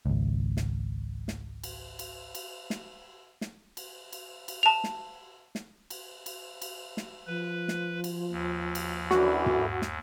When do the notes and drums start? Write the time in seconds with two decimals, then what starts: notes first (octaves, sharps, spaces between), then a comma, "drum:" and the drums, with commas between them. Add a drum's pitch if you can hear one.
0.06 G#1 C#2
0.57 drum: snare
1.28 drum: snare
1.64 drum: cymbal
1.99 drum: cymbal
2.35 drum: cymbal
2.70 drum: snare
3.41 drum: snare
3.77 drum: cymbal
4.13 drum: cymbal
4.48 drum: cymbal
4.63 A5 F7
4.84 drum: snare
5.55 drum: snare
5.90 drum: cymbal
6.26 drum: cymbal
6.62 drum: cymbal
6.97 drum: snare
7.27 F3 B4
7.68 drum: snare
8.04 drum: cymbal
8.31 D#2
8.75 drum: cymbal
9.11 F#2 D3 E3 F#4, drum: snare
9.46 drum: tom
9.82 drum: snare